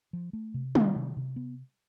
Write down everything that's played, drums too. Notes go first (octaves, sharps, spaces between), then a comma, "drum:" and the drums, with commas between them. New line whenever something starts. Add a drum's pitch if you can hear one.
F3
A3
C3
D#3, drum: tom
C3
C3
B3